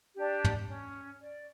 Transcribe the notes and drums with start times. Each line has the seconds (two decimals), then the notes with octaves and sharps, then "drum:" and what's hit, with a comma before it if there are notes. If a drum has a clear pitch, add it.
0.16 D4 G4
0.44 drum: tom
0.67 C#4
1.21 D5